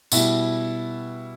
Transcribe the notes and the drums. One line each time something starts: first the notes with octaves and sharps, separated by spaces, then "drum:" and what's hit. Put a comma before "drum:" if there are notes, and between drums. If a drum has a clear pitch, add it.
B2 G3 E4, drum: tambourine